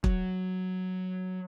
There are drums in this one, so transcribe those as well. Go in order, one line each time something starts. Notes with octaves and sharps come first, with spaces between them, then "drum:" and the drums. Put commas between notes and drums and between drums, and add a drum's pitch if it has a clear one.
F#3, drum: kick